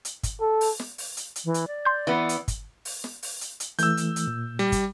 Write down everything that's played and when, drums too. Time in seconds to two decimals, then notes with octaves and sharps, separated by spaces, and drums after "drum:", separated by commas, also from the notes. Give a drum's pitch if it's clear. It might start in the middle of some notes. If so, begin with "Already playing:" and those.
0.05 drum: hi-hat
0.23 drum: kick, hi-hat
0.41 A4
0.61 drum: open hi-hat
0.80 drum: snare
0.98 drum: open hi-hat
1.17 drum: hi-hat
1.36 drum: hi-hat
1.45 E3
1.54 drum: hi-hat
1.68 D5
1.85 C6 G6
2.07 E3 B3
2.29 drum: hi-hat
2.48 drum: kick, hi-hat
2.85 drum: open hi-hat
3.04 drum: snare
3.23 drum: open hi-hat
3.41 drum: hi-hat
3.60 drum: hi-hat
3.79 E3 A3 E6 G6, drum: hi-hat
3.97 drum: hi-hat
4.16 drum: hi-hat
4.27 A#2
4.59 G3
4.72 drum: kick, hi-hat